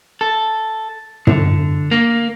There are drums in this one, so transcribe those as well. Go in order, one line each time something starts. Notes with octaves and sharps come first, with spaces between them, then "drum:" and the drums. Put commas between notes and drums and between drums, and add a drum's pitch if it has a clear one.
A4
D3, drum: tom
A#3